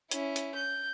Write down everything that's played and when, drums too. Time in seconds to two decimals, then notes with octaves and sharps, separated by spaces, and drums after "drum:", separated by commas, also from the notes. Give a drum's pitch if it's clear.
0.11 C#4 E4, drum: hi-hat
0.36 drum: hi-hat
0.55 G6